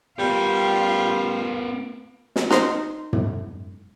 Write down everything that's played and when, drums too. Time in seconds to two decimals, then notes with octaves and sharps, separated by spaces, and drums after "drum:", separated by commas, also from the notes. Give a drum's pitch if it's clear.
0.19 G3 B3 F4 A#4
2.36 drum: snare
2.51 D#4 C5, drum: snare
3.13 drum: tom